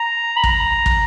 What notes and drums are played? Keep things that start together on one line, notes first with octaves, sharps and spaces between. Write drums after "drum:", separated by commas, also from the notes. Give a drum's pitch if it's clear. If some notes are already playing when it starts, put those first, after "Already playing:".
Already playing: A#5
B5
A#5, drum: kick
drum: kick